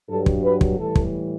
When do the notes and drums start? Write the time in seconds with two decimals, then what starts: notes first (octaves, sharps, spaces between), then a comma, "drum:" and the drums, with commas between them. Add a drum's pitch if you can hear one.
0.09 G2 F#3 A4
0.26 drum: kick
0.43 B4
0.61 drum: kick
0.78 A2 E3 G3 A4
0.96 drum: kick